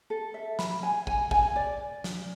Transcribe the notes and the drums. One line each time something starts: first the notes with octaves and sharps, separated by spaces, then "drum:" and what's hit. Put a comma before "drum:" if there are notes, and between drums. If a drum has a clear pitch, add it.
A4
E5
B5, drum: snare
G#5
G#5, drum: kick
G#5, drum: kick
D5
drum: snare